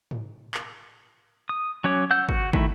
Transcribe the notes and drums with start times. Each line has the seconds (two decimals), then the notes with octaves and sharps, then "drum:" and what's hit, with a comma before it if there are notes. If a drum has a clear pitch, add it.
0.11 drum: tom G#2
0.54 drum: clap
1.49 D#6
1.84 F#3 C#4 C#5 D6
2.11 F#5 E6 G6
2.29 F#4, drum: kick
2.53 D#3 A3 E4, drum: kick